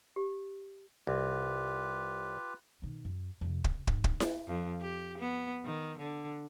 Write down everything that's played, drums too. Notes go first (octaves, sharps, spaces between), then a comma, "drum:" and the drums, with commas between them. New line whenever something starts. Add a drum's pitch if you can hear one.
G4
C2 F4 G4 B4
B2 D#3
F#2
F2 C3
C#3, drum: kick
G#2 E3, drum: kick
D#2 D3, drum: kick
drum: snare E4
F2
G4
B3
D#3
D3